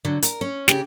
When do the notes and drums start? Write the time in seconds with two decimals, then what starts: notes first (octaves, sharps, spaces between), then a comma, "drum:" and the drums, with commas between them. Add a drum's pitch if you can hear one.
0.05 D3 F#3
0.22 A#4, drum: hi-hat
0.41 C#4
0.68 C#3 G4, drum: snare